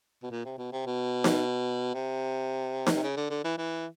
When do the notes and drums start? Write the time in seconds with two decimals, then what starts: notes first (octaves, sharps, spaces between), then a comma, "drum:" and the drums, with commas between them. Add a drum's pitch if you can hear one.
0.23 B2
0.31 A#2
0.45 C3
0.58 B2
0.72 C3
0.86 B2
1.24 drum: snare D#4
1.94 C3
2.87 drum: snare D#4
2.96 C3
3.03 C#3
3.17 D3
3.30 D3
3.44 E3
3.58 E3